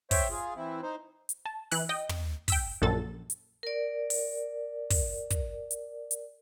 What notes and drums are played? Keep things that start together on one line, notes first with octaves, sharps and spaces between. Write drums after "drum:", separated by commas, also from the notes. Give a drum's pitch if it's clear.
C5 C#5 E5 G5, drum: kick, open hi-hat
F4 G#4
E3 C4 E4
D#4 C5
drum: hi-hat
A5
E3 F#6, drum: open hi-hat
D#5 G5
drum: tom
G5 E6 B6, drum: kick, open hi-hat
A#1 F#2 A#2 A4 A6
drum: hi-hat
A#4 D5
drum: open hi-hat
drum: kick, open hi-hat
drum: kick, hi-hat
drum: hi-hat
drum: hi-hat